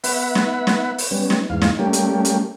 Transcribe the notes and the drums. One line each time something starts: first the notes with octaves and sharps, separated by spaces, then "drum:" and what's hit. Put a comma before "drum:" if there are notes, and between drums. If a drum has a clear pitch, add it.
B3 E5 F#5 B5, drum: open hi-hat
drum: snare
drum: snare
drum: open hi-hat
G3 B3 C#4
drum: snare
E2 G#2 F5
drum: snare
G3 A3 A#3 C#4 G4
drum: hi-hat
drum: hi-hat